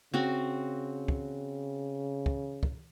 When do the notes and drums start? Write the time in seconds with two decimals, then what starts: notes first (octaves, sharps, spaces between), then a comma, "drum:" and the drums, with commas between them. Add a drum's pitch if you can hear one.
0.14 C#3 C4 F#4
1.08 drum: kick
2.26 drum: kick
2.63 drum: kick